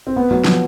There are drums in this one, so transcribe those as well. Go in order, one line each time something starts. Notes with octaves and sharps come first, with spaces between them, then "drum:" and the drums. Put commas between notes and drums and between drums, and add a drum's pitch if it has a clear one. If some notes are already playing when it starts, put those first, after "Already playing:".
C4
B3
F#3
F3, drum: snare